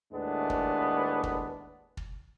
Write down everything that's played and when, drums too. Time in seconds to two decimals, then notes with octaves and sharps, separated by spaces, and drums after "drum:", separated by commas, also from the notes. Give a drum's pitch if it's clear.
0.13 D#2 A2 G#3 B3 D4
0.50 drum: kick
1.23 drum: kick
1.97 drum: kick